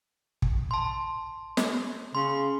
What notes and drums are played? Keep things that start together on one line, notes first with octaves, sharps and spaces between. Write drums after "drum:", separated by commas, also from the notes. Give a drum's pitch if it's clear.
drum: kick
A5 C6
drum: snare
C#3 C6